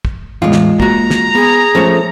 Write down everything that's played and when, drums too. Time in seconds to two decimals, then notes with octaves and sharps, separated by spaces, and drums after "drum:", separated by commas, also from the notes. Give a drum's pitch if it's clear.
0.05 drum: kick
0.42 E2 A2 G#3 F4 F5
0.52 drum: snare
0.80 A#3 F#4 A#5, drum: kick
1.10 drum: snare
1.35 B3 G#4
1.75 F3 A3 C#4 A4